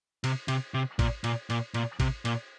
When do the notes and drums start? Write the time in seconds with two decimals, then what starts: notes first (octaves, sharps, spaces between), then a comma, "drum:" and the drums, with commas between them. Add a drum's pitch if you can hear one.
0.24 C3, drum: cymbal
0.48 C3, drum: cymbal
0.74 C3
0.99 A#2, drum: kick, cymbal
1.24 A#2, drum: cymbal
1.50 A#2, drum: cymbal
1.74 A#2, drum: cymbal
2.00 C3, drum: kick, cymbal
2.25 A#2, drum: cymbal